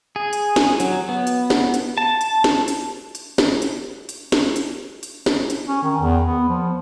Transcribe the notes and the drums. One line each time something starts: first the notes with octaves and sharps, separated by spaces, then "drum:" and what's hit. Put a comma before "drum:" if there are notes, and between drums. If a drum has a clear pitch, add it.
G#4
drum: hi-hat
drum: snare
F#3, drum: hi-hat
B3
drum: hi-hat
drum: snare
drum: hi-hat
A5
drum: hi-hat
drum: snare
drum: hi-hat
drum: hi-hat
drum: snare
drum: hi-hat
drum: hi-hat
drum: snare
drum: hi-hat
drum: hi-hat
drum: snare
drum: hi-hat
C#4
D#3
E2
B3
F3